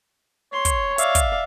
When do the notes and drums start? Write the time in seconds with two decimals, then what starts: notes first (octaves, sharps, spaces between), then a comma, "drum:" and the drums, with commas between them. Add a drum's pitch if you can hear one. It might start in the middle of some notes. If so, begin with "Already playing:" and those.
0.53 C#5 C6
0.65 drum: kick, hi-hat
0.98 D5 E5 F5, drum: hi-hat
1.15 drum: kick, hi-hat